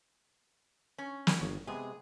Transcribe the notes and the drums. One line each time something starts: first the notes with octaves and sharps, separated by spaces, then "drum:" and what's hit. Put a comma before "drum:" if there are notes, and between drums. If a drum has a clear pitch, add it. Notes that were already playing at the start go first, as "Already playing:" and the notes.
C#4
F#5, drum: snare
G1 C#5 A#5
C3 G#3 B3 G#4